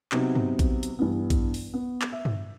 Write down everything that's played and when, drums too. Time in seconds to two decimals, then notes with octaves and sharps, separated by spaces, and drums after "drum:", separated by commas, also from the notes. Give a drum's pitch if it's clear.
0.12 C3 F#3 B3 D#4, drum: clap
0.35 drum: tom G2
0.59 drum: kick A#1, hi-hat
0.83 drum: hi-hat
0.99 G2 E3 B3
1.30 drum: kick A#1, hi-hat
1.54 drum: open hi-hat
1.74 B3
2.02 drum: clap
2.12 E5
2.25 drum: tom G2